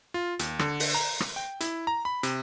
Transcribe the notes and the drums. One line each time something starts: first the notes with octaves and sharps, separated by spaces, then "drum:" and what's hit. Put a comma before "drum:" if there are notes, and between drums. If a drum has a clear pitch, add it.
F4
D#2, drum: hi-hat
D3, drum: rim click
drum: open hi-hat
A#5
drum: rim click
G5
E4, drum: hi-hat
A#5
B5
C3, drum: hi-hat